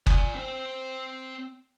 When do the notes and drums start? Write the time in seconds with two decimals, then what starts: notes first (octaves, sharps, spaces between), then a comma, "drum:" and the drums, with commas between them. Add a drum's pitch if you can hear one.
0.06 D5 G#5, drum: kick F#1
0.35 C4 C5